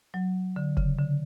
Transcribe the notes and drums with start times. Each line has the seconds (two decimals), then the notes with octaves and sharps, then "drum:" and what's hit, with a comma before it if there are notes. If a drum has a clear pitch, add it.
0.14 F#3
0.56 D3
0.77 C#3, drum: kick F1
0.99 D3